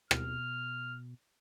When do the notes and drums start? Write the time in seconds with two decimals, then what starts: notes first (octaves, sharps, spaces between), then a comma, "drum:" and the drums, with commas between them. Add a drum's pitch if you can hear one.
0.11 B2 F6, drum: rim click